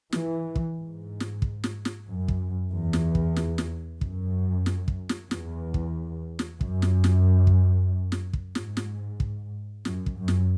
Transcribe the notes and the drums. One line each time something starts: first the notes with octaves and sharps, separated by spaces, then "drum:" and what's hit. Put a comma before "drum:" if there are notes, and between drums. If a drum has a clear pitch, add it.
E3, drum: snare
drum: kick
G#2
drum: snare
drum: kick
drum: snare
drum: snare
F#2
drum: kick
E2
drum: snare
drum: kick
drum: snare
drum: snare
F#2, drum: kick
drum: snare
drum: kick
drum: snare
E2, drum: snare
drum: kick
drum: snare
F#2, drum: kick
drum: snare
drum: snare
drum: kick
drum: snare
drum: kick
G#2, drum: snare
drum: snare
drum: kick
F#2, drum: snare
drum: kick
F#2
drum: snare